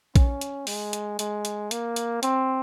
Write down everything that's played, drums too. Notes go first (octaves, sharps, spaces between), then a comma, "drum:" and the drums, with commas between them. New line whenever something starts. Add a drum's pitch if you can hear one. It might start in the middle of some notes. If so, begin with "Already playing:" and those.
C#4, drum: kick A#1, hi-hat
drum: hi-hat
G#3, drum: open hi-hat
drum: hi-hat
G#3, drum: hi-hat
drum: hi-hat
A#3, drum: hi-hat
drum: hi-hat
C4, drum: hi-hat